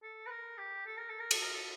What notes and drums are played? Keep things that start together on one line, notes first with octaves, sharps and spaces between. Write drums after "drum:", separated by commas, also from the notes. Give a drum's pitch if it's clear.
A4
B4
A#4
G4
A4
A#4
A4
A#4
A4, drum: cymbal
A#4
A4